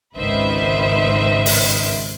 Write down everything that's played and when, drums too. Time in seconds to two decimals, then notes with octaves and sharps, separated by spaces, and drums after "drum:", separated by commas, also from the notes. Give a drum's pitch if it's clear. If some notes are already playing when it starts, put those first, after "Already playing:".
0.17 G#1 C#2 D#3 B4 C5 E5
1.46 drum: open hi-hat